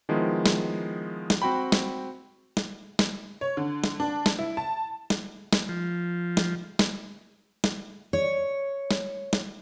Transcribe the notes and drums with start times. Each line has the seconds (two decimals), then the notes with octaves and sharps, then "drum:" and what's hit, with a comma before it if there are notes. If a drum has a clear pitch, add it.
0.09 D#3 F3 G#3 B3 E4
0.46 drum: snare
1.30 drum: snare
1.42 C4 F#4 G5 B5
1.72 drum: snare
2.57 drum: snare
2.99 drum: snare
3.41 C#5
3.57 D3
3.84 drum: snare
4.00 D4
4.26 drum: snare
4.39 E4
4.57 A5
5.10 drum: snare
5.53 drum: snare
5.69 F3
6.37 drum: snare
6.79 drum: snare
7.64 drum: snare
8.13 C#5
8.91 drum: snare
9.33 drum: snare